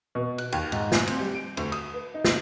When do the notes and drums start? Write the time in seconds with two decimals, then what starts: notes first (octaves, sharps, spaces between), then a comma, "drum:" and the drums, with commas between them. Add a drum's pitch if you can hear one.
0.15 B2
0.38 F#6, drum: cymbal
0.52 D#2, drum: cymbal
0.72 G#2, drum: cymbal
0.92 G#5, drum: snare
1.07 C4, drum: cymbal
1.20 G3
1.35 D7
1.57 D2, drum: cymbal
1.72 D#6, drum: cymbal
1.94 B4
2.14 D#4
2.25 drum: snare